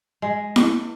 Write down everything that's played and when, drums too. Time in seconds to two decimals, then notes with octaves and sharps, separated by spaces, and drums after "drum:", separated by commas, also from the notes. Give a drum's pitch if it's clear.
0.22 G#3
0.56 drum: snare E4